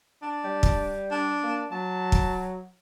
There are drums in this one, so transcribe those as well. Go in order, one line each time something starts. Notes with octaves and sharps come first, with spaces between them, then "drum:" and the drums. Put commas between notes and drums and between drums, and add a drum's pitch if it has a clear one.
D4
G3
drum: kick
D4
A#3
F#3 A5
drum: kick